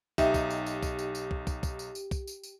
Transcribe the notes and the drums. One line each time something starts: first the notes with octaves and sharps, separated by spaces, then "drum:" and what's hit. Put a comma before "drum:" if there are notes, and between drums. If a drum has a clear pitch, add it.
B1 D#4 G4 E5, drum: kick, tambourine
drum: kick, tambourine
drum: tambourine
drum: tambourine
drum: kick, tambourine
drum: tambourine
drum: tambourine
drum: kick
drum: kick, tambourine
drum: kick, tambourine
drum: tambourine
drum: tambourine
drum: kick, tambourine
drum: tambourine
drum: tambourine